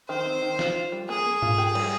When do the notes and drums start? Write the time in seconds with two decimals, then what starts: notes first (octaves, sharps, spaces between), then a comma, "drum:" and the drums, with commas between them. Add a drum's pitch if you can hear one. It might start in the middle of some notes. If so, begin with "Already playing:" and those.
0.09 D#3 C5
0.26 C4
0.42 D#3
0.59 F4, drum: snare
0.75 F4
0.92 G3
1.09 A#3 G#4
1.26 A#3
1.42 F4, drum: tom G#2
1.58 G4
1.75 G3, drum: cymbal